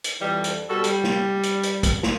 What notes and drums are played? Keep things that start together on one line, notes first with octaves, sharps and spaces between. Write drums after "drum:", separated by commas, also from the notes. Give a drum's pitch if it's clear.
drum: hi-hat
F2 E3 G3
drum: hi-hat
B2 G3 F#4 A4
G3, drum: hi-hat
drum: snare
drum: hi-hat
drum: hi-hat
drum: kick, hi-hat
drum: snare